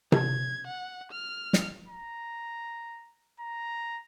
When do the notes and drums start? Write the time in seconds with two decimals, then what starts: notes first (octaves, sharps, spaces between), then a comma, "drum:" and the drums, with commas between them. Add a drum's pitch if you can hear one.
0.12 G#6, drum: tom C3
0.67 F#5
1.12 F6
1.53 drum: snare
1.88 A#5
3.40 A#5